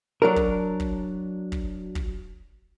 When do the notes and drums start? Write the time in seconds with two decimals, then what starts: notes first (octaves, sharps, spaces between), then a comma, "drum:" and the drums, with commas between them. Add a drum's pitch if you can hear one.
0.22 F#3 D4 A#4
0.36 drum: kick
0.80 drum: kick
1.52 drum: kick
1.95 drum: kick